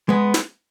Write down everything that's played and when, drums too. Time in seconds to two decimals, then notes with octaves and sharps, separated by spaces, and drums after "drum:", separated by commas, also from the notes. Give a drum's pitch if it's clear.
0.09 G#3 B3
0.34 drum: snare